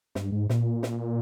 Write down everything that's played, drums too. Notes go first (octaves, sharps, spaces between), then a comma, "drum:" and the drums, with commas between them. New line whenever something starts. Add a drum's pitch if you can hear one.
G2, drum: snare
G#2
A#2, drum: snare
drum: snare